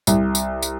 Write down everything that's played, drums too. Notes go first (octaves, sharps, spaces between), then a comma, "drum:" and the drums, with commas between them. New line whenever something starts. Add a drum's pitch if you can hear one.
C2, drum: tambourine
drum: tambourine
drum: tambourine